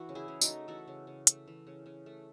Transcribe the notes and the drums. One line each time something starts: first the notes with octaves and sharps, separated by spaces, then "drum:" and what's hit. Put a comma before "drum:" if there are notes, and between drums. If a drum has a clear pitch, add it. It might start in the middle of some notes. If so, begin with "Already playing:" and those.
Already playing: E3 F#4
C#3
E4 G#4
C#3
D#4 F#4, drum: tambourine
A3
E3 F#4 A4
C#3
C#3
A3, drum: hi-hat
E3
C#3
C#3
A3